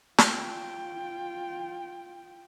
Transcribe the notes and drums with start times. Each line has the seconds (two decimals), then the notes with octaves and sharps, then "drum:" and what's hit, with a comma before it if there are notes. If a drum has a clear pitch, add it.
0.18 F4 G5, drum: snare